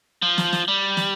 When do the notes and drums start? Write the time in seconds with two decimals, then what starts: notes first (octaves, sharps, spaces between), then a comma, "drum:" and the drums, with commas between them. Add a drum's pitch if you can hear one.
0.22 F3
0.38 drum: snare
0.53 drum: snare
0.68 G3
0.97 drum: snare